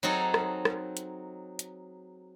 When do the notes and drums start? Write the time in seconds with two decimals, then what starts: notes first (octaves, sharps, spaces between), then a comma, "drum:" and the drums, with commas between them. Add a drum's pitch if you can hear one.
0.03 F#3 C4 D#4 G#4 A4
0.34 drum: rim click
0.65 drum: rim click
0.97 drum: hi-hat
1.59 drum: hi-hat